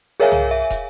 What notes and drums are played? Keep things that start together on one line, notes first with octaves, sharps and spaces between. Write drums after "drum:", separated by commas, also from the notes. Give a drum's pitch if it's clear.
G#4 A#4 C#5 E5 F5 G#5
drum: tom
E5
drum: kick, hi-hat